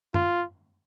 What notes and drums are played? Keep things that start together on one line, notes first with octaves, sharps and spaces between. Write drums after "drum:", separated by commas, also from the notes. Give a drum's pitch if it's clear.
F4, drum: tom